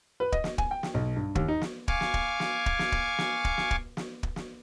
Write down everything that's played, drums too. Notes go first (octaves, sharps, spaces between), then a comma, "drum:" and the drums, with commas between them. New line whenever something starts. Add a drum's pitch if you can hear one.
B4
D#5, drum: kick
drum: snare
G#5, drum: kick
G5
drum: snare
B1
G2
D#2, drum: kick
D#4
drum: snare
F5 G#5 C#6 D6, drum: kick
drum: snare
drum: kick
drum: snare
drum: kick
drum: snare
drum: kick
drum: snare
drum: kick
drum: snare
drum: kick
drum: snare
drum: kick
drum: snare